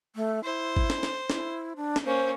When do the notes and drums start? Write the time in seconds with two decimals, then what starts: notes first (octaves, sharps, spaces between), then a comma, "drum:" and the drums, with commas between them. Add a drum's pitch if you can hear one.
0.16 A3
0.44 E4 C5
0.76 drum: kick G#1
0.90 drum: snare
1.03 drum: snare
1.30 E4, drum: snare
1.76 D4
1.96 drum: snare
2.05 A#3 C#4 C5